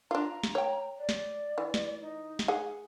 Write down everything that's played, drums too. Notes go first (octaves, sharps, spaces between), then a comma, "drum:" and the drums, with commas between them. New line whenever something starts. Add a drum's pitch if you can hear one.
D4 F4 A#5
drum: snare
C#5 G5
D5
drum: snare
E3
drum: snare
D#4
drum: snare
G#4 F#5